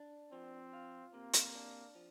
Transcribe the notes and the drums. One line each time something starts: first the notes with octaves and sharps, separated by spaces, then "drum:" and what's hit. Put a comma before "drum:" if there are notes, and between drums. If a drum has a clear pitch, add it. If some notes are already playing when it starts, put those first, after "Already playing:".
Already playing: D4
F3 C4
F4
C3 A#3
drum: hi-hat
D4
F3